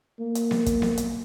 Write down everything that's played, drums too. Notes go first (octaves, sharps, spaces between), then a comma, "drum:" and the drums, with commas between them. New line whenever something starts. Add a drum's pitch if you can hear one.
A#3
drum: hi-hat
drum: snare B3
drum: kick, hi-hat
drum: snare B3
drum: hi-hat